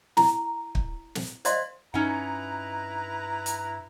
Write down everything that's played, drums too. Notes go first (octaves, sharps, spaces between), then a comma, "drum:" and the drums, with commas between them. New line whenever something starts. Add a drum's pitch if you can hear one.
E4 A#5, drum: snare
drum: kick
drum: snare
C5 D5 D#5 F5 C6, drum: hi-hat
G2 C#4 D#4 E4 B4 F#5 A#5
drum: hi-hat